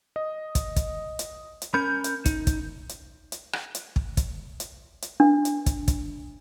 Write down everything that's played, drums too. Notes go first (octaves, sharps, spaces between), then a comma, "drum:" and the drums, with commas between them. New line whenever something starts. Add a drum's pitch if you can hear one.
D#5
drum: kick, hi-hat
drum: kick, hi-hat
drum: hi-hat
drum: hi-hat
C#4 A#4 B5 G6
drum: hi-hat
D#4, drum: kick, hi-hat
drum: kick, hi-hat
drum: hi-hat
drum: hi-hat
drum: rim click
drum: hi-hat
drum: kick
drum: kick, hi-hat
drum: hi-hat
drum: hi-hat
D4
drum: hi-hat
drum: kick, hi-hat
drum: kick, hi-hat